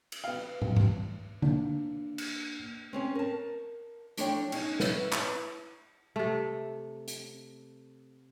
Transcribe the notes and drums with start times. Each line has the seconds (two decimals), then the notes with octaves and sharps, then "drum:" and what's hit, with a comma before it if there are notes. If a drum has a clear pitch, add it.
0.12 drum: cymbal
0.24 B3 F5
0.62 drum: tom
0.77 drum: tom G#2
1.42 A#3 D4, drum: tom D3
2.18 drum: cymbal
2.93 C4 C#4 G#4
3.15 A#4 A5
4.17 F3 A3 D4 E4 C#5 G5, drum: hi-hat
4.52 C#4 D#4 G#4, drum: cymbal
4.80 B4 C#5 E5, drum: snare
5.12 E4, drum: clap
6.16 C3 A3
7.08 drum: hi-hat